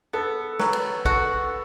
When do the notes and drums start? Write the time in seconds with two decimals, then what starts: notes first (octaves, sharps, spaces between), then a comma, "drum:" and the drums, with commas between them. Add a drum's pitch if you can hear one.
0.13 B3 A4
0.59 F#3 B4, drum: snare
0.73 drum: cymbal
1.05 F#4 A4, drum: kick